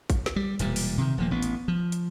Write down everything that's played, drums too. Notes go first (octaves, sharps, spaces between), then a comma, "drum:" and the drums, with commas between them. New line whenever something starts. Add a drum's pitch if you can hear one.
drum: kick, hi-hat
drum: snare
G3
E1 A#2 G3, drum: hi-hat
drum: open hi-hat
C3 D#3
D#1 F3 A#3
A1 B3
drum: hi-hat
F3
drum: hi-hat